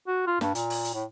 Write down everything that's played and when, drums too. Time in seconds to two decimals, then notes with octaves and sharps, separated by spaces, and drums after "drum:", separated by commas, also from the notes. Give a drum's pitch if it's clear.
0.08 F#4
0.27 F4
0.41 G2, drum: snare
0.55 A#2, drum: hi-hat
0.70 drum: open hi-hat
0.85 drum: hi-hat
0.94 A2